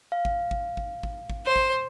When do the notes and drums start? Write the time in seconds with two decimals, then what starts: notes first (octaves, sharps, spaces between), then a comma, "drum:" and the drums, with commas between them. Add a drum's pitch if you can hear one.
0.12 F5
0.25 drum: kick
0.51 drum: kick
0.77 drum: kick
1.03 drum: kick
1.30 drum: kick
1.45 C5
1.56 drum: kick